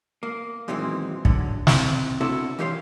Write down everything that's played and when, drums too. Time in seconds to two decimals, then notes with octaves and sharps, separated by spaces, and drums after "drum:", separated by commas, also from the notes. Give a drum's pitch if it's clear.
0.23 A#3
0.68 F#2 A#2 D#3 E3 G#3 C4
1.25 D3 F#3, drum: kick
1.67 C3, drum: snare
2.21 C4 D4 E4 F#4 A4 A5
2.59 E3 F4 G4 C#5 E5 C6